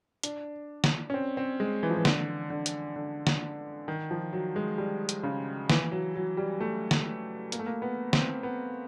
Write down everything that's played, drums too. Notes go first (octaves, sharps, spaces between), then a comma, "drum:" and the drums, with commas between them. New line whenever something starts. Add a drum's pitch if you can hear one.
D4, drum: hi-hat
drum: snare
C#4
C4
C4
G#3
E3
F3
E3
D3, drum: snare
D3
drum: hi-hat
D3
drum: snare
D#3
F3
F#3
G#3
G3
drum: hi-hat
C#3
E3, drum: snare
F#3
F#3
G3
A3
drum: snare
A#3, drum: hi-hat
A3
A#3
B3
C4, drum: snare
B3